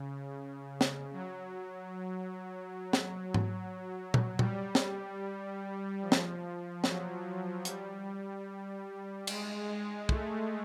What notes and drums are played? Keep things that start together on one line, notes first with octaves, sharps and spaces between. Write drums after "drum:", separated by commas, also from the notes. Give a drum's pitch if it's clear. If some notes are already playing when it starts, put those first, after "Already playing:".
Already playing: C#3
drum: snare
F#3
drum: snare
drum: tom G#2
drum: tom A#2
G3, drum: tom A#2
drum: snare
F3
drum: snare
F#3, drum: snare
G3, drum: hi-hat
G#3, drum: cymbal
G#3
A3, drum: kick